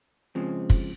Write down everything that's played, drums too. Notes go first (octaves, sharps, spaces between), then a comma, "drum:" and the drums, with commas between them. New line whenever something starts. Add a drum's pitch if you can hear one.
C#3 F3 G#3 C4
drum: kick